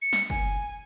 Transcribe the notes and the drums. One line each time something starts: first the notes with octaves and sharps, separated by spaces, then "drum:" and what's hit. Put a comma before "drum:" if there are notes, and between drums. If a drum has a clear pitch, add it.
C#7
drum: snare
G#5, drum: kick